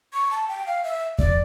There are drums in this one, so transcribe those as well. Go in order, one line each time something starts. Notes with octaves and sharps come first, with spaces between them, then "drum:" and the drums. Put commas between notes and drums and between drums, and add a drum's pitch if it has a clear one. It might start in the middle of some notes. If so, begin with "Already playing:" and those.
C#6
A5
G5
F5
E5
D5, drum: kick E2